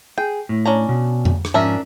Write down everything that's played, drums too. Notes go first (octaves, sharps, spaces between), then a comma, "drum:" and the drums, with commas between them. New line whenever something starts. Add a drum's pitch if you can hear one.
G#4 G5
A2
C#4 D4 A#5
B2
drum: tom F2
drum: rim click
G#2 F3 C#4 D4 A#4 E5